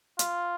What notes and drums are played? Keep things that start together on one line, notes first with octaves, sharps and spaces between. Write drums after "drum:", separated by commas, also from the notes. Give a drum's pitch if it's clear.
F4, drum: hi-hat